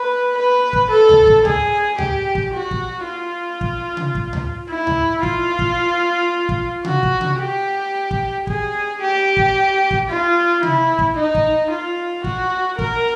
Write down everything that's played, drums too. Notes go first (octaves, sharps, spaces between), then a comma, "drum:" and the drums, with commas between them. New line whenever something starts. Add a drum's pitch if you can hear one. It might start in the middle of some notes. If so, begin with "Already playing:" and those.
Already playing: B4
B4
drum: kick
A4
drum: tom C#2
drum: kick
G#4, drum: tom C#2
G4, drum: tom C#2
drum: kick
F#4
drum: kick
F4
drum: kick
drum: tom C3
drum: kick
drum: tom C#2
E4
drum: tom C#2
F4, drum: kick
drum: kick
drum: kick
F#4, drum: tom C3
drum: kick
drum: tom C3
G4
drum: kick
G#4, drum: kick
G4
drum: kick
drum: kick
F4
E4, drum: tom C3
drum: kick
D#4
drum: kick
F4
F#4, drum: kick
A#4, drum: kick